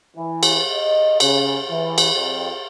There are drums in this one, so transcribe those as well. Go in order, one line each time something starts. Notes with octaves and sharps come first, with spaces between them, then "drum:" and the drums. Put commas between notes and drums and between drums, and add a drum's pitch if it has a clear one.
E3
drum: cymbal
D#5
C#3, drum: cymbal
E3
drum: cymbal
F2